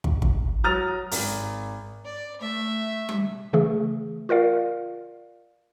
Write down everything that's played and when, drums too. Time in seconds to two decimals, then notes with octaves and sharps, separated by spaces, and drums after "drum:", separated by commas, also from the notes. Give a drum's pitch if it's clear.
0.04 drum: kick
0.22 drum: kick
0.64 F#3 A#5 D#6 F6 A6 F7
1.11 G#1, drum: open hi-hat
2.05 D5
2.41 A3 E5
3.09 drum: tom G3
3.53 C#3 E3 A3 G#4
4.29 F4 A#4 D5 F5